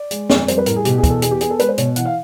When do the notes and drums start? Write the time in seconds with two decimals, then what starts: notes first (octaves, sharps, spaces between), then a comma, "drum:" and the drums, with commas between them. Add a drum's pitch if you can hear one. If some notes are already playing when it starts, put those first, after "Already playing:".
Already playing: D5
0.11 G#3, drum: hi-hat
0.30 F2, drum: snare
0.48 G3 C5, drum: hi-hat
0.58 B4
0.66 A2 A#4, drum: hi-hat
0.76 G#4
0.85 B2 G4, drum: hi-hat
0.98 G#4
1.04 E2, drum: kick, hi-hat
1.10 A4
1.22 B3 G#4, drum: hi-hat
1.31 G4
1.41 B3 G#4, drum: hi-hat
1.50 A4
1.59 G#3 B4, drum: hi-hat
1.69 C5
1.78 B2 C#5, drum: hi-hat
1.96 E3 F#5, drum: hi-hat
2.05 F5